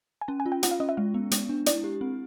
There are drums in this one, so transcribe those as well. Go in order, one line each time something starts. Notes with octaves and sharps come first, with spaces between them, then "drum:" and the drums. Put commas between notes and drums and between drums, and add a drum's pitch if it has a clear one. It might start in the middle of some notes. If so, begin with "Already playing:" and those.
G#5
C#4 A5
G#5
F4
G5
F4 F#5, drum: hi-hat
F5
C#4 D#5
E5
G#3 F5
B3
G#3, drum: hi-hat
D4
E4 D5, drum: hi-hat
G4
C4